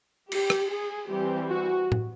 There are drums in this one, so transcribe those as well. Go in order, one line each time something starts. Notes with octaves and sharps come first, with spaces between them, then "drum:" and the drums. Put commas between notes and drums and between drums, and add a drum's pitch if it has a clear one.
G4, drum: cymbal
drum: rim click
G#4
E3 G3 C4 G4
F#4
drum: tom A2